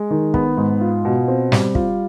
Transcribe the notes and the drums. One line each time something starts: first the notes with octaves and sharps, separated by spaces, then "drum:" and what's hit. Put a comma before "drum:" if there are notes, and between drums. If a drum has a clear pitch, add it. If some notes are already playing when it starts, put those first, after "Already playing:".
Already playing: G#3
D#3
B3, drum: kick
G#2
F4
B2
C4
G3, drum: snare
F4, drum: kick